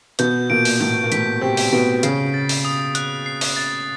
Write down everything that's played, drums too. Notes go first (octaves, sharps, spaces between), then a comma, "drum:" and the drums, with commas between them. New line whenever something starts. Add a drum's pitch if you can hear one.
B2 B3 G6, drum: hi-hat
A#2 A#3 D7
drum: open hi-hat
A2 A3 G6
A#3
A2 A3 B6, drum: hi-hat
C3 C4 G6
drum: open hi-hat
B2 B3 D7
C#3 C#4 C7, drum: hi-hat
A6
drum: open hi-hat
D#6
F#6, drum: hi-hat
C7
drum: open hi-hat
A6